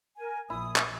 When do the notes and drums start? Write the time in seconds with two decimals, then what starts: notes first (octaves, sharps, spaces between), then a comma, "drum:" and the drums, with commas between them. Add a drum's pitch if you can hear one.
0.17 A#4 G#5
0.50 A#1 E4 D#6
0.76 drum: clap